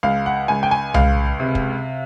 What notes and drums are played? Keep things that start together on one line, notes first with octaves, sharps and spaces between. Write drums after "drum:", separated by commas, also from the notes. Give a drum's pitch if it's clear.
C#2 F5
F#5
C#2 G#5
G5
G#5
C#2 F5, drum: tom C2
C3
drum: kick